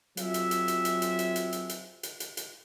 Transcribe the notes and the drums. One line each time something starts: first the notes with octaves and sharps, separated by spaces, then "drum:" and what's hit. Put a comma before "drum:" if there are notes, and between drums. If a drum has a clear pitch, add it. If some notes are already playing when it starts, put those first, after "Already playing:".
F#3 C4 F4 G#4 E5, drum: hi-hat
drum: hi-hat
drum: hi-hat
drum: hi-hat
drum: hi-hat
drum: hi-hat
drum: hi-hat
drum: hi-hat
drum: hi-hat
drum: hi-hat
drum: hi-hat
drum: hi-hat
drum: hi-hat